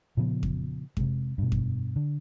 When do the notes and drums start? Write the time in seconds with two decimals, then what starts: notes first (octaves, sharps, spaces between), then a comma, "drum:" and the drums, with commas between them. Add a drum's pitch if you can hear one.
0.17 A#2 C#3 F3 B3
0.43 drum: kick F2
0.97 C3 G#3, drum: kick F2
1.38 G2 B2
1.52 drum: kick F2
1.96 D3